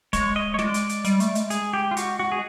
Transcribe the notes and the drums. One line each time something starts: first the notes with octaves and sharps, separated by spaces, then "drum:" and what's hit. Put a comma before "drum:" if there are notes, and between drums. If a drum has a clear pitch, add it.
G#3 C#5, drum: kick D1, hi-hat
D#5
C#5
G#3 D5, drum: snare
drum: hi-hat
drum: hi-hat
G3, drum: hi-hat
A3, drum: hi-hat
G#3, drum: hi-hat
G#4, drum: hi-hat
G4
F4
F#4, drum: hi-hat
F#4
G#4